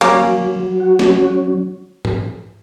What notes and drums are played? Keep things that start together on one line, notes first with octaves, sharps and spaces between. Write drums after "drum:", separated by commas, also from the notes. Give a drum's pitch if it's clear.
F#3 A#3 C#4, drum: cymbal
F#3
F#3
F#3
F#4
C#4, drum: snare
F#3
drum: tom G#2